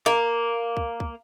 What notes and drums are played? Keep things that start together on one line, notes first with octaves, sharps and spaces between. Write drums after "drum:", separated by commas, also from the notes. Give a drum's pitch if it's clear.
A#3, drum: snare
drum: kick
drum: kick